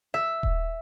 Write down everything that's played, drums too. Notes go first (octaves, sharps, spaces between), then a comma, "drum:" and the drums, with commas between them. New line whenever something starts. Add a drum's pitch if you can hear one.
E5
drum: kick D#1